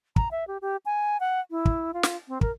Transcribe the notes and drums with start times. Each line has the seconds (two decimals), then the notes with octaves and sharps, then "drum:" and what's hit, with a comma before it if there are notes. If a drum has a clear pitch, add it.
0.16 A#5, drum: kick
0.31 E5
0.47 G4
0.62 G4
0.86 G#5
1.20 F#5
1.51 E4
1.65 drum: kick
1.93 F4
2.03 drum: snare
2.28 C4
2.41 A#4, drum: kick